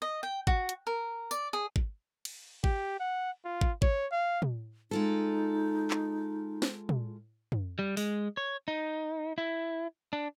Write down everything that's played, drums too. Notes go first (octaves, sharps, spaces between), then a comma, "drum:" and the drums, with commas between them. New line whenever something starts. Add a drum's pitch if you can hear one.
D#5
G5
F#4, drum: kick
drum: hi-hat
A#4
D5, drum: tambourine
G#4
drum: kick
drum: cymbal
G4, drum: kick
F#5
F4
drum: kick
C#5, drum: kick
F5
drum: tom
G#3 D#4 F4 A4
drum: clap
drum: snare
drum: tom
drum: tom
G3
G#3, drum: open hi-hat
C#5
D#4
E4
D4